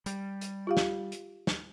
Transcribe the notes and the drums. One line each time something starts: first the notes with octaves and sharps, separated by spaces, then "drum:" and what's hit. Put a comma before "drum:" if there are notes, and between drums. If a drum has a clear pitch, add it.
G3, drum: hi-hat
drum: hi-hat
F4 G4 F5
drum: snare
drum: hi-hat
drum: snare